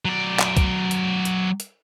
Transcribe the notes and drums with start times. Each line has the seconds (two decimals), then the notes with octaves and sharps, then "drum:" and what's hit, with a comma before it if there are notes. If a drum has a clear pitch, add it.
0.05 F#3 D5
0.39 drum: clap
0.57 drum: kick C2, hi-hat
0.91 drum: hi-hat
1.25 drum: hi-hat
1.60 drum: hi-hat